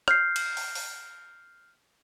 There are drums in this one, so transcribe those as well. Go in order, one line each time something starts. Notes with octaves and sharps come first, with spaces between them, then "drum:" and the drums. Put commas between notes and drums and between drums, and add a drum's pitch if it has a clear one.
F6 G6 C7, drum: rim click
drum: cymbal
drum: open hi-hat
drum: open hi-hat